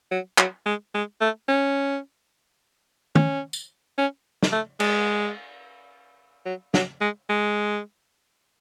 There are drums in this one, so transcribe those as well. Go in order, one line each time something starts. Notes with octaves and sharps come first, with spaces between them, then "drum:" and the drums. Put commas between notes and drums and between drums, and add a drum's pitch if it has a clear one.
F#3
F#3, drum: clap
G#3
G#3
A3
C#4
C#4, drum: tom
drum: tambourine
C#4
drum: snare
A3
G#3, drum: cymbal
F#3
F#3, drum: snare
G#3
G#3